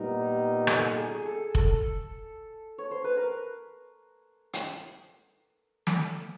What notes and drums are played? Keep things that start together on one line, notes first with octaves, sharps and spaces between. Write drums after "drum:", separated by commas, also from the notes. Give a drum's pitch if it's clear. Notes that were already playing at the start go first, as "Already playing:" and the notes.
Already playing: A#2 G3 B3 D#4 A#4
A4, drum: rim click
G#4
A4
A4, drum: kick F1
C#5
C5
B4
A#4
drum: hi-hat
drum: snare